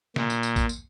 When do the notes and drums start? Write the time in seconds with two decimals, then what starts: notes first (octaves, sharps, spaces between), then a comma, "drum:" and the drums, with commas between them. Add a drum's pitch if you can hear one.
0.16 A#2, drum: snare
0.30 drum: tambourine
0.43 drum: tambourine
0.56 drum: kick, tambourine
0.69 drum: tambourine